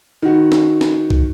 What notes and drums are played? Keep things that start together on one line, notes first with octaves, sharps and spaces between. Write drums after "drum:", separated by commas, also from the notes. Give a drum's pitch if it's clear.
D#3 F#4
drum: snare
drum: snare
drum: kick